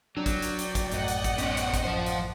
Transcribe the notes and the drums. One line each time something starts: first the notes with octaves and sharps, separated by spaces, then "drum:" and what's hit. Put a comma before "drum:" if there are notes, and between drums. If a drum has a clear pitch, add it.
F#3 D4 D5 G5
drum: kick, hi-hat
drum: hi-hat
drum: hi-hat
drum: kick, hi-hat
A1 F#2 A2 D#5 F#5, drum: hi-hat
drum: hi-hat
drum: kick, hi-hat
B3 C#4, drum: hi-hat
drum: hi-hat
drum: kick, hi-hat
F3 C5
drum: hi-hat